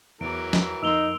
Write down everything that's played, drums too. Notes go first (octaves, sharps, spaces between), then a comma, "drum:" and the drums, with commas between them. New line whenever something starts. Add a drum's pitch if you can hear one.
E2 E3 F#3 A#4 D6 D7
drum: snare
F2 A#3 D#4 C6 E6 F7 G7